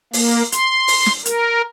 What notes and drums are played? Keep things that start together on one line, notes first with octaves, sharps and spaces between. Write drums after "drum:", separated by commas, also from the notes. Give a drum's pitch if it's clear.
A#3, drum: open hi-hat
C6, drum: hi-hat
drum: open hi-hat
drum: snare
A#4, drum: hi-hat